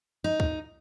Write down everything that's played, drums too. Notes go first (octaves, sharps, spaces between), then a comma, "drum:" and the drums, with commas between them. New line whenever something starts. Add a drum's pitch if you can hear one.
D#4
drum: kick